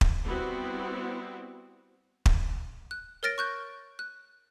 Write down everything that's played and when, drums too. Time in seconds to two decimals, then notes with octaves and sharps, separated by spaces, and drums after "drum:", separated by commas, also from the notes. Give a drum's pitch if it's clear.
0.01 drum: kick
0.24 G3 B3 C4 E4 F#4
2.26 drum: kick
2.91 F#6
3.23 A#4 C#5 F6 A6 A#6 D7
3.38 C#6 F#6 G6
3.99 F#6